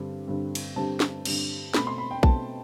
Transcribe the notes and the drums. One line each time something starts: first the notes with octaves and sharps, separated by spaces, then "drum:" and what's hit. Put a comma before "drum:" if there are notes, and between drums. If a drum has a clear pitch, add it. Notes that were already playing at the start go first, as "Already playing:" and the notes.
Already playing: G2 D3 G3 C4
G2 D3 G3 C4
drum: cymbal
G2 D3 G3 C4 A5
drum: snare
G2 D3 G3 C4, drum: cymbal
B2 A3 C4 B5, drum: snare
C6
B5
G5
B2 A3 C4 A5, drum: kick A#1